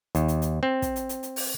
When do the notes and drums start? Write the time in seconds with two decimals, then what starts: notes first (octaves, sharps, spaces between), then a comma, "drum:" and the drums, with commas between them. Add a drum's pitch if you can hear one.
0.15 D#2, drum: hi-hat
0.28 drum: hi-hat
0.42 drum: hi-hat
0.63 C4
0.82 drum: kick, hi-hat
0.96 drum: hi-hat
1.09 drum: hi-hat
1.23 drum: hi-hat
1.36 drum: open hi-hat